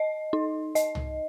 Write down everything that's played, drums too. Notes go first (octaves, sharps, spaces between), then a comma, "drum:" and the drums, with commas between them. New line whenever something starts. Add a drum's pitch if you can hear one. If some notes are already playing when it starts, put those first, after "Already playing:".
Already playing: D#5
D#4
D#5, drum: hi-hat
drum: tom C2